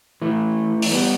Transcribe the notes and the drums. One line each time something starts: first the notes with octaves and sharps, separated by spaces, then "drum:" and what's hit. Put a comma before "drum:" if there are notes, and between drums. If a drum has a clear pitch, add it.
E3 A3
drum: open hi-hat
G3 B3